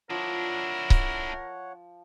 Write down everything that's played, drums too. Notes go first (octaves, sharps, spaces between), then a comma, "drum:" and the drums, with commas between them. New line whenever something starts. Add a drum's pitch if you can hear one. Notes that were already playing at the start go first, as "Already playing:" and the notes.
F3 D4 E4 A#4 C#5 F#5
drum: kick C#1